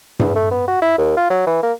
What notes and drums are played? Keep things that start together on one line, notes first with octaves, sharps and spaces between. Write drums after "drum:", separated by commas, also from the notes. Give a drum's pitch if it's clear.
E2, drum: tom G2
A3
B3
F#4
E4
D#2
F4
F#3
E3
A#3